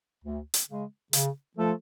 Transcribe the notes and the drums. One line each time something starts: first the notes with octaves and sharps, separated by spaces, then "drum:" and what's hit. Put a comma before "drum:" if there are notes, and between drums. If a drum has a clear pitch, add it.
D2
drum: hi-hat
C#3 G#3
C#3, drum: hi-hat
F3 A3 F4 A4